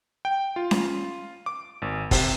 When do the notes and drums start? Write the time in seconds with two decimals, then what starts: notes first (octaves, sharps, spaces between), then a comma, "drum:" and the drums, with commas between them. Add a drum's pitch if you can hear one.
0.25 G5
0.56 F4
0.71 drum: snare C#4
1.46 D6
1.82 G#1
2.11 C3, drum: kick, open hi-hat